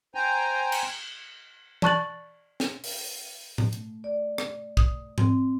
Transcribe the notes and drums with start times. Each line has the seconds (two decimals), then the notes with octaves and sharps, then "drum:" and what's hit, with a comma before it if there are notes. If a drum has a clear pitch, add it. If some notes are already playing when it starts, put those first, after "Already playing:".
0.15 C5 G5 G#5 A#5
0.72 drum: cymbal
1.82 D5 A5 C#6 F#6 A6 F#7, drum: tom E3
2.60 drum: snare
2.84 drum: open hi-hat
3.58 drum: tom A2
3.73 A3, drum: hi-hat
4.04 D5
4.38 drum: rim click
4.77 D#6, drum: kick
5.18 C4, drum: tom G#2